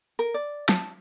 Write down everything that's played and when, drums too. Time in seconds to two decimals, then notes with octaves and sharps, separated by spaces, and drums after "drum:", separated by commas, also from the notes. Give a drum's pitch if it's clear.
0.19 A#4
0.34 D5
0.69 A5, drum: snare